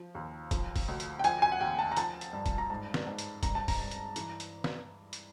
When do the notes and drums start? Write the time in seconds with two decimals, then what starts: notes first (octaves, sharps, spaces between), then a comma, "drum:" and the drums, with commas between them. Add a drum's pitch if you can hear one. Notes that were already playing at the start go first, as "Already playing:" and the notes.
Already playing: F3
0.15 D#2
0.51 F3, drum: kick, hi-hat
0.76 drum: kick, open hi-hat
0.88 D2
1.00 drum: hi-hat
1.19 G5
1.24 F3 G#5, drum: hi-hat
1.42 G#5
1.52 F#5
1.61 D#2 G5
1.79 A5
1.92 A#5
1.97 F3 A5, drum: hi-hat
2.21 drum: hi-hat
2.33 G2
2.46 drum: kick, hi-hat
2.58 A#5
2.70 G#2 A5
2.94 drum: snare
3.07 G#2
3.19 drum: hi-hat
3.43 G2 A#5, drum: kick, hi-hat
3.55 A5
3.68 A#5, drum: kick, open hi-hat
3.79 G2
3.91 drum: hi-hat
4.16 E3, drum: hi-hat
4.40 drum: hi-hat
4.64 drum: snare
5.13 drum: hi-hat